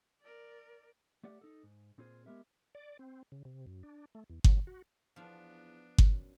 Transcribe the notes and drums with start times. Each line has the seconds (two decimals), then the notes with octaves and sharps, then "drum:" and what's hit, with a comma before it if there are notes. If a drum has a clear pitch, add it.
0.21 A#4 D5
1.23 A3 G4 D5 F#5
1.41 D#4 A4
1.63 G#2
1.98 A#2 C4 F4 G#4 B4 C5
2.26 G#3 B3 G4 A#4 E5
2.75 D5
2.99 C4
3.32 C#3
3.45 C3
3.66 F#2
3.83 D4
4.15 A3
4.30 E2
4.44 F#3, drum: kick G1
4.67 F#4
5.16 E2 F3 B3 D4 F4
5.98 F#2, drum: kick G1